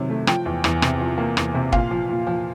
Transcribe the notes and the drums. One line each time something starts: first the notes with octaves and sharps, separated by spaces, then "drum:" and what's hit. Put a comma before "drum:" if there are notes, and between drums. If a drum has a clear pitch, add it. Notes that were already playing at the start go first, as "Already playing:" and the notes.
Already playing: C3 D#3 F#3
A3
F3 G5, drum: rim click
E2
E2, drum: rim click
C3, drum: rim click
F3
A#3
E2, drum: rim click
C3
A#2 F5, drum: kick
F3
A#2
F3